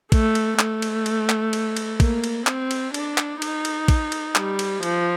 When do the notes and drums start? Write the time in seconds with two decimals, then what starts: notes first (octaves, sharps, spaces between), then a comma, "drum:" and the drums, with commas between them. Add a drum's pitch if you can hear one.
0.12 A3, drum: kick, cymbal
0.35 drum: cymbal
0.59 A3, drum: clap
0.82 drum: cymbal
1.06 drum: cymbal
1.29 drum: clap
1.53 drum: cymbal
1.77 drum: cymbal
2.00 A#3, drum: kick, cymbal
2.24 drum: cymbal
2.47 C4, drum: clap
2.71 drum: cymbal
2.94 D4, drum: cymbal
3.18 drum: clap
3.42 D#4, drum: cymbal
3.65 drum: cymbal
3.88 drum: kick, cymbal
4.12 drum: cymbal
4.35 G3, drum: clap
4.59 drum: cymbal
4.83 F3, drum: cymbal